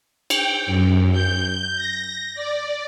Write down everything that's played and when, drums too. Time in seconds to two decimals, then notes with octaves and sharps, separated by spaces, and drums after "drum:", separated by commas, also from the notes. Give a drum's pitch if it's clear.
0.30 G5, drum: cymbal
0.66 F#2
1.11 G6
1.76 A#6
2.35 D5